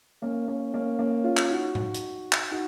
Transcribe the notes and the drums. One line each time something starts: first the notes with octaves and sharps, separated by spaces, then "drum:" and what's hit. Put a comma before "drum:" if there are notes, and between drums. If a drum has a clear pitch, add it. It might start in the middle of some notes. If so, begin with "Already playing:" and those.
A#3 C#4
A#3 C#4
A#3 C#4
A#3 C#4
C#4 F4
drum: clap
D#4 F#4
drum: tom A2
drum: hi-hat
drum: clap
D#4 F#4